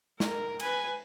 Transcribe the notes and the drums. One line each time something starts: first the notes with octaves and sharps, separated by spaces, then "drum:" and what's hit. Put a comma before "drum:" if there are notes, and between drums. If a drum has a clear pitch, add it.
A#4, drum: snare
B4 G#5, drum: cymbal